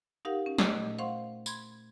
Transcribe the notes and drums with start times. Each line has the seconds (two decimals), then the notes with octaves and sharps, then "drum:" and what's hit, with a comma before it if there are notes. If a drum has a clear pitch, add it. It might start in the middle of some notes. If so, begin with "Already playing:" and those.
0.25 D#4 G4 A#4 F5 F#5
0.46 C#4
0.58 A3 D#5, drum: snare
0.76 A#2
0.99 C5 F5 F#5 C6 C#6
1.46 B5 C6 G#6, drum: tambourine